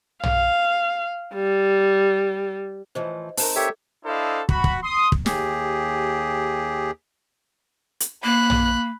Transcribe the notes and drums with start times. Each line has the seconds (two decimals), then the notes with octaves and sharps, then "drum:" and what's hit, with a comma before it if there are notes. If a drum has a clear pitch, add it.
0.23 F5, drum: tom
1.35 G3
2.95 A2 E3 F3 C5 D#5
3.37 C4 D#4 A#4 A5, drum: open hi-hat
3.56 G4 A4 C#5 E5
4.05 D4 E4 A4 C5 D#5 F5
4.49 F#4 B5, drum: kick
4.64 drum: kick
4.82 C6 D#6
5.12 drum: kick
5.26 D#2 G4 G#4, drum: snare
8.00 drum: hi-hat
8.24 A#3 B5 F#6
8.50 drum: tom